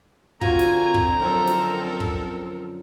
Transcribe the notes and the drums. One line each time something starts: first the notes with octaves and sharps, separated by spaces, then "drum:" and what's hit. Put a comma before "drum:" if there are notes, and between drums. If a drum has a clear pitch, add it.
D3 C4 F4 F#4 A#4 G#5 A#5, drum: kick
drum: snare
drum: kick
F#2 F3 A4 A#4
drum: snare
drum: kick